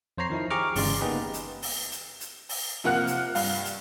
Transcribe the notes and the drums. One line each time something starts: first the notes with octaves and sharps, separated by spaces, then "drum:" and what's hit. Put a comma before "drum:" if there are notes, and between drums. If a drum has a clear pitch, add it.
F2 C5 C#5 A#5 C7
D#3 F3 D#4 E4
G4 G#4 A#5 C#6 D6 F6
G1 C#3 E3 G#3 D5 C6, drum: open hi-hat
A#3 B3 D#4 G4 G#4 B4
drum: hi-hat
drum: open hi-hat
drum: hi-hat
drum: hi-hat
drum: open hi-hat
C3 F3 A#3 F#5 F6 F#6
drum: hi-hat
G2 F5, drum: open hi-hat
drum: hi-hat